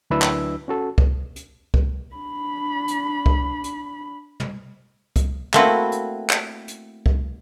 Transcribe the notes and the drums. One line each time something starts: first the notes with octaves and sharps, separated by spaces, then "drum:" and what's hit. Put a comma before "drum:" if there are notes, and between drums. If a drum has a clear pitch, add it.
D2 F#3 D4 E4 B4 E6
drum: clap
C#4 F#4 A4
drum: kick
drum: hi-hat
drum: kick
D4 B5
drum: hi-hat
drum: kick
drum: hi-hat
drum: tom
drum: kick, hi-hat
A3 A#3 C4 E4 F#4 B4, drum: clap
drum: hi-hat
drum: clap
drum: hi-hat
drum: kick